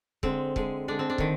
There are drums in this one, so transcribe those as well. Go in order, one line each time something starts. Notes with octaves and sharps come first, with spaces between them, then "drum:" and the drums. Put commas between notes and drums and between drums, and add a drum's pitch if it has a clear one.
D3 G#3 C4, drum: kick
D3 G#3, drum: kick
D3 G#3 D4
C4
D4
D3 D#3, drum: kick